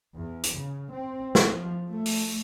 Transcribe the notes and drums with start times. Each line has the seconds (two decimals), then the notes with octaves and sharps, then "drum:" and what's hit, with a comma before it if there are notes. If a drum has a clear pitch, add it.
0.16 E2
0.43 drum: hi-hat
0.55 C#3
0.92 C4
1.35 F3, drum: snare
1.90 A3
2.06 drum: open hi-hat